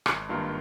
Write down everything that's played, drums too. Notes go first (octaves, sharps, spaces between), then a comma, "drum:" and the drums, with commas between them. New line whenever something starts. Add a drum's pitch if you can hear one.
G#1, drum: rim click
G2 D#3 A#3 F4